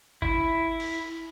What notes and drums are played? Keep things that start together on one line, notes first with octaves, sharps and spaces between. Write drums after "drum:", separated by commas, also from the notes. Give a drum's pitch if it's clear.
E4, drum: kick G#1
drum: cymbal